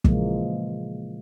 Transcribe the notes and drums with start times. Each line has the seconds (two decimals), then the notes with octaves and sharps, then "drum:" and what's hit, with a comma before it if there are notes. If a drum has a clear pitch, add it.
0.04 A#2 C#3 E3 F3 G#3 A#3, drum: kick